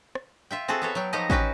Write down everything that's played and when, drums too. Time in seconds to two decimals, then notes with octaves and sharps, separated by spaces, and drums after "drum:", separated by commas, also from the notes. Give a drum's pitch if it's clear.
0.15 drum: rim click
0.51 F4 E5 G5
0.68 C4 F#4 G#4 A4
0.82 B3 A4 C#5
0.95 F#3 G5
1.13 F3 F#3 D#4 G4 D#5
1.30 C#4 F#4 B4 G5, drum: kick A1